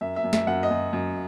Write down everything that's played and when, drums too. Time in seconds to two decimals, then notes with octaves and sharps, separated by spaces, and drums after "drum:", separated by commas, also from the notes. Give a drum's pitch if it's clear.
0.01 F#2 E5
0.16 E5
0.24 F#2
0.33 E5, drum: snare
0.47 F#2 F#5
0.63 D#5
0.71 F#2
0.93 F#2